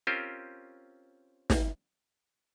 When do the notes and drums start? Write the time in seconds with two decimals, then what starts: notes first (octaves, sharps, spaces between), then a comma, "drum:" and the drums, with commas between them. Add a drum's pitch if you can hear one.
0.07 C4 C#4 F4 G4 A#4 C5
1.50 drum: snare